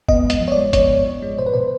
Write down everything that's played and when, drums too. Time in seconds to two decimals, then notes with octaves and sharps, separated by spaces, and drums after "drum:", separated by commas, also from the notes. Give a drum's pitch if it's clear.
0.08 B3 D#5, drum: kick F#1
0.25 G#2
0.30 D#5, drum: hi-hat
0.40 F3
0.48 C#5
0.52 G#3 D5
0.73 B3 C#5, drum: kick F#1, hi-hat
0.89 G#2
1.05 F3
1.22 G#3
1.39 B2 C5
1.46 B4
1.54 B2 C5